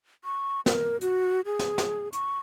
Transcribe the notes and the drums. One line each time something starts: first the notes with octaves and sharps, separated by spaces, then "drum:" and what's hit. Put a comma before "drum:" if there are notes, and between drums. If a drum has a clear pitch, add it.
C#6
A#4, drum: snare
F#4, drum: hi-hat
G#4
drum: snare
drum: snare
C#6, drum: hi-hat